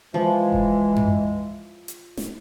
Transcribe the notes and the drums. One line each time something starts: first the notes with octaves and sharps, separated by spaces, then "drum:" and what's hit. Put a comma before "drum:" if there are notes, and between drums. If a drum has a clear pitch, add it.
E3 F3 G#3
drum: kick E1
drum: tom F#2
drum: hi-hat
drum: snare